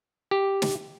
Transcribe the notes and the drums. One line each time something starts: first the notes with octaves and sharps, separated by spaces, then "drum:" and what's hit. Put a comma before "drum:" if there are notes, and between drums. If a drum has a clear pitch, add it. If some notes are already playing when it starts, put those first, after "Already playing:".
G4
drum: snare